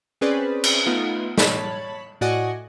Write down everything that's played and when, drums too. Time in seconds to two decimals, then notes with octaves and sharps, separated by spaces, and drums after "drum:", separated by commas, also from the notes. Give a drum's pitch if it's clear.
0.21 C4 C#4 G#4 B4 C5 D5
0.64 drum: cymbal
0.86 A3 B3 D#4 F4
1.38 C#5 A5 B5, drum: snare
2.21 A2 F#4 D5 D#5 F#5 G#5